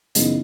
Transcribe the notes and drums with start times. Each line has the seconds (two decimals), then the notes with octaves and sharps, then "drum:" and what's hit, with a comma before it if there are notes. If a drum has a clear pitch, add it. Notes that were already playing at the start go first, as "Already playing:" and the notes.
0.15 F#2 C#3 E3 B3 D#4, drum: hi-hat